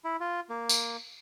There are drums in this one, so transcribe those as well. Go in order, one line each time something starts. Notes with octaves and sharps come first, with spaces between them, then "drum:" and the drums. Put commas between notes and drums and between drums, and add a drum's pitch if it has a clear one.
E4
F4
A#3
drum: tambourine